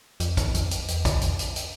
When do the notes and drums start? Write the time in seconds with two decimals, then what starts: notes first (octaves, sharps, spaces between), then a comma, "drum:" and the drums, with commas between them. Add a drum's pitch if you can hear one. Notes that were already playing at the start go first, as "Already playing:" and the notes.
0.20 F2, drum: hi-hat
0.37 drum: kick, hi-hat
0.54 F2, drum: hi-hat
0.71 drum: hi-hat
0.88 E2, drum: hi-hat
1.05 drum: kick, hi-hat
1.21 F2, drum: hi-hat
1.39 drum: hi-hat
1.56 drum: hi-hat